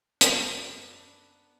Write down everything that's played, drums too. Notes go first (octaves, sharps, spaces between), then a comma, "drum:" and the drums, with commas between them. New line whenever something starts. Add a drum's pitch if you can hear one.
F#2 C#3 B3 D4, drum: hi-hat